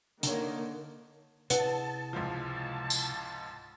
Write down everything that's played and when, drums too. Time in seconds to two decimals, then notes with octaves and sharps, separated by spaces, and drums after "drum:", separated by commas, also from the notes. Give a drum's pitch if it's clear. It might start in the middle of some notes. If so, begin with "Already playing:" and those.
0.23 D3 D#3 A#3 C#5, drum: hi-hat
1.50 C3 E4 G#4 B4 F#5 A5, drum: hi-hat
2.13 C#2 G#2 F3
2.90 drum: tambourine